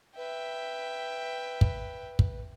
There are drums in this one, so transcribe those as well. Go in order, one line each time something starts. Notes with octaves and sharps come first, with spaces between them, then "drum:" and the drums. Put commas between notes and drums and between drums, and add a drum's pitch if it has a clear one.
B4 E5 G5
drum: kick
drum: kick